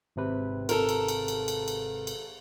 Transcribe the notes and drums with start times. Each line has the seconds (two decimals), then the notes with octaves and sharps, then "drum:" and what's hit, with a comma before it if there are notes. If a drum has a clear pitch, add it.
0.16 G#1 C3 B4
0.69 A4 A#4, drum: cymbal
0.89 drum: cymbal
1.08 drum: cymbal
1.28 drum: cymbal
1.48 drum: cymbal
1.68 drum: cymbal
2.07 drum: cymbal